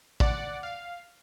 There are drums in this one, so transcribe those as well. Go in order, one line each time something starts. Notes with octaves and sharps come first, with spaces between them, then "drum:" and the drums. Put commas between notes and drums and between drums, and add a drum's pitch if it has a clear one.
D5 F#5, drum: kick
F5